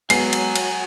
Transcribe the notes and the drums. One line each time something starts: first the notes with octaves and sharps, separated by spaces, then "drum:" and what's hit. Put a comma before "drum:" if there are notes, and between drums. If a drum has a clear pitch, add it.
F#3 G#3 B3 G#5 C7, drum: cymbal
drum: cymbal
drum: cymbal